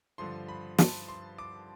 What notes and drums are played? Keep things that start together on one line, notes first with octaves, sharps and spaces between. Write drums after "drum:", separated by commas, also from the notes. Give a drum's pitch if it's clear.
G2 D3 F3 C6
B5
A5, drum: snare
C6
D6